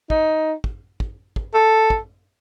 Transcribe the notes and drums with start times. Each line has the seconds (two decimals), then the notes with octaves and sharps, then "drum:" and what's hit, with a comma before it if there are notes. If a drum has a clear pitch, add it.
0.10 D#4, drum: kick
0.64 drum: kick
1.00 drum: kick
1.36 drum: kick
1.54 A4
1.90 drum: kick